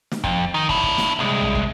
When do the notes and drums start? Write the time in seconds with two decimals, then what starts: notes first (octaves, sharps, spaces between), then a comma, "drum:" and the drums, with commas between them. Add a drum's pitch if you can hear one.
0.12 drum: snare
0.24 F2, drum: kick
0.54 D#3
0.69 D4 E4, drum: kick
0.83 drum: kick
0.98 drum: snare
1.19 C2 G#3
1.41 drum: tom A#1
1.55 drum: kick